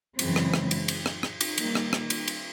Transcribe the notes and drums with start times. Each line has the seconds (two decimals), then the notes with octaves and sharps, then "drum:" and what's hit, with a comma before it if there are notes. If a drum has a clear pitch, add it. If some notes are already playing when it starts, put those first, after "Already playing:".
0.19 F#2 C#3 E3 G#3 C4, drum: cymbal
0.36 drum: rim click
0.54 drum: rim click
0.71 drum: cymbal
0.88 drum: cymbal
1.06 drum: rim click
1.23 drum: rim click
1.41 drum: cymbal
1.58 D#3 G3 A#3, drum: cymbal
1.75 drum: rim click
1.93 drum: rim click
2.10 drum: cymbal
2.28 drum: cymbal